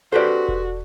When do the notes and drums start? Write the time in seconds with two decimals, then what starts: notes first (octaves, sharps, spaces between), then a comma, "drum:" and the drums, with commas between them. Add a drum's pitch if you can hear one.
0.12 F#4 G4 A4 B4 C5 D5
0.48 drum: kick E1